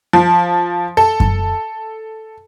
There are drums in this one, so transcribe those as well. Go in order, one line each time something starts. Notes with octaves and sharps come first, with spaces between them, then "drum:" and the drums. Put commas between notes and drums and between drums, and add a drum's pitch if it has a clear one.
F3
A4
drum: kick F#2